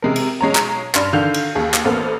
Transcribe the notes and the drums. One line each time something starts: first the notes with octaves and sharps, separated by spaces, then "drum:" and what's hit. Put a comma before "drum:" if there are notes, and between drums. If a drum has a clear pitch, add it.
C3 G#3 A#4
drum: cymbal
B1 G#3 C#5 A#5
drum: clap
G2 D4 C6 F6, drum: clap
D3 D#3 F5 G6 F7
drum: cymbal
D#2 G#4
drum: clap
A1 A#3 B3 A4 C5 F6